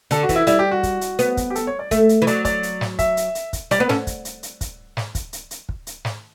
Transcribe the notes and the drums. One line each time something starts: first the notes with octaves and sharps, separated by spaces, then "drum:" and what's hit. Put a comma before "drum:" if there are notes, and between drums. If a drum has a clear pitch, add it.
D3 A4, drum: hi-hat
F#4
E3, drum: kick, hi-hat
E4
G3 E4, drum: hi-hat
G4
F#4
drum: kick, hi-hat
drum: hi-hat
B3, drum: hi-hat
drum: kick, hi-hat
G4
A4, drum: hi-hat
C#5
D5
A3 E5, drum: kick, hi-hat
drum: hi-hat
E3
F#3 D5, drum: hi-hat
D5, drum: kick, hi-hat
drum: hi-hat
drum: snare
E5, drum: kick, hi-hat
drum: hi-hat
drum: hi-hat
drum: kick, hi-hat
G3 D5, drum: hi-hat
B3 B4
C#4 A4, drum: snare
drum: kick, hi-hat
drum: hi-hat
drum: hi-hat
drum: kick, hi-hat
drum: snare
drum: kick, hi-hat
drum: hi-hat
drum: hi-hat
drum: kick
drum: hi-hat
drum: snare